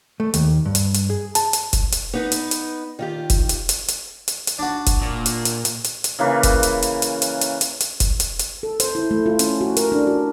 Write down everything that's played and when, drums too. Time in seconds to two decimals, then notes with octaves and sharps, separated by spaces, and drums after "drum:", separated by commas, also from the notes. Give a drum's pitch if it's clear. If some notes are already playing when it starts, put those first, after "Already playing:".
0.20 A3
0.34 D#2, drum: hi-hat
0.66 G2
0.75 drum: hi-hat
0.95 drum: hi-hat
1.10 G#4
1.35 A5, drum: hi-hat
1.53 drum: hi-hat
1.73 drum: kick F1, hi-hat
1.93 drum: hi-hat
2.13 B3 D#4 B4
2.32 drum: hi-hat
2.51 drum: hi-hat
2.99 D#3 F4 G4
3.30 drum: kick F1, hi-hat
3.49 drum: hi-hat
3.69 drum: hi-hat
3.89 drum: hi-hat
4.28 drum: hi-hat
4.47 drum: hi-hat
4.59 D4 F#4
4.87 drum: kick F1, hi-hat
5.02 A#2
5.26 drum: hi-hat
5.45 drum: hi-hat
5.65 drum: hi-hat
5.85 drum: hi-hat
6.04 drum: hi-hat
6.19 C#3 E3 A#3 B4
6.43 drum: kick F1, hi-hat
6.63 drum: hi-hat
6.83 drum: hi-hat
7.02 drum: hi-hat
7.22 drum: hi-hat
7.41 drum: hi-hat
7.61 drum: hi-hat
7.81 drum: hi-hat
8.00 drum: kick F1, hi-hat
8.20 drum: hi-hat
8.40 drum: hi-hat
8.63 A4
8.80 C5, drum: hi-hat
8.95 E4
9.11 A3
9.26 F4
9.39 C#4, drum: hi-hat
9.61 F#4
9.77 A#4, drum: hi-hat
9.92 D4
10.07 F#4